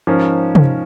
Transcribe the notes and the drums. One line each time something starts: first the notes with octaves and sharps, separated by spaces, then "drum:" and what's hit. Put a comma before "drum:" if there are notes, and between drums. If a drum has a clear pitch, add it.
G#2 F3 C#4 A#4
drum: tom